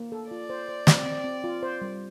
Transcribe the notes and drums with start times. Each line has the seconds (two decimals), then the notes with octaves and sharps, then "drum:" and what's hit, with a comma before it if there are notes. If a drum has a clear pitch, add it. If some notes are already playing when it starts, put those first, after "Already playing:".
Already playing: A#3
0.12 A4
0.31 F4 D5
0.50 C5
0.69 C5
0.87 C4, drum: snare
1.06 C4
1.24 C4
1.44 F4
1.63 C5
1.82 G3